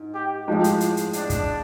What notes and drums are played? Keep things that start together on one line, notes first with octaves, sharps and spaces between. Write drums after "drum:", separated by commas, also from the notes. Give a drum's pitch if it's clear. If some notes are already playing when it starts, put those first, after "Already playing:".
Already playing: G#2
G4
A2 F3 G#3 G4
drum: hi-hat
drum: hi-hat
drum: hi-hat
D4, drum: hi-hat
drum: kick, hi-hat